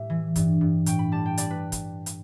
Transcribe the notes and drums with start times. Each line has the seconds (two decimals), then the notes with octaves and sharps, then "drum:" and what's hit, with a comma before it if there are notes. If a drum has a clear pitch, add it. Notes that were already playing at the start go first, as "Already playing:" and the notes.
Already playing: A2 G3 E5
0.10 E3
0.36 G2, drum: kick, hi-hat
0.61 G2
0.86 A2 G5, drum: hi-hat
0.99 B5
1.12 G3 A5
1.26 G5
1.38 G3 D5, drum: hi-hat
1.51 B4
1.72 drum: kick, hi-hat
2.06 drum: hi-hat